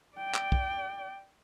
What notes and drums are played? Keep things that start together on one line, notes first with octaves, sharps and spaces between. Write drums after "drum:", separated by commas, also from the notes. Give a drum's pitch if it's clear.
D5 G5
drum: clap
drum: kick